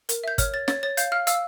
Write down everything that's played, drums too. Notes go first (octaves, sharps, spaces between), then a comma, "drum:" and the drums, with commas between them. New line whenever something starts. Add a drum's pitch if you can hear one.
A#4, drum: hi-hat
E5 G6
C#5 F6, drum: kick, hi-hat
C#5 A6
C#5 A6, drum: snare
C#5 A6
F5 G6, drum: hi-hat
F5 F6
F5 E6, drum: hi-hat